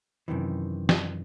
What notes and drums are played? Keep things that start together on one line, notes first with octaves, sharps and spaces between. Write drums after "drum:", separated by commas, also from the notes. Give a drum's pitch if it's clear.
F#2 C3 D#3 E3
drum: snare